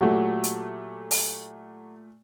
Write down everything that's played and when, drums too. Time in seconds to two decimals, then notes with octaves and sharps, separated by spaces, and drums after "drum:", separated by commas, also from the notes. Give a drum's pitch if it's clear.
0.01 A#2 F#3 A3 F#4 G4
0.44 drum: hi-hat
1.11 drum: open hi-hat